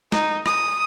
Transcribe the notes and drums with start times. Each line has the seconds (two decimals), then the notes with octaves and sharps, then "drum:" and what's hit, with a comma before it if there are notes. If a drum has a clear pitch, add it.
0.12 D#4, drum: snare
0.46 D#6, drum: rim click